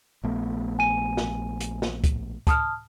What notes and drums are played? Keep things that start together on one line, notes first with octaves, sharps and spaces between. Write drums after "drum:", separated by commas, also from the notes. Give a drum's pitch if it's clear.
A#1 A3 B3
G#5 D#7
drum: snare
drum: hi-hat
drum: snare
drum: kick, hi-hat
A5 D#6 F6, drum: kick, hi-hat